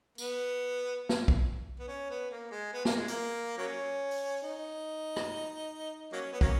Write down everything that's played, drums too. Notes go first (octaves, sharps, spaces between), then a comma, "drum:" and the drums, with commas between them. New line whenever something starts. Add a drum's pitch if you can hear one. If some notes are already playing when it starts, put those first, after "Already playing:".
B3, drum: tambourine
drum: snare
drum: kick
B3
C#4
B3
A#3
G#3
B3
A#3, drum: snare
G#3
A#3, drum: hi-hat
F#3 A#3 C#4
drum: open hi-hat
D#4
drum: rim click
F#3 A#3 C#4
B3
F#3 A#3 C#4, drum: kick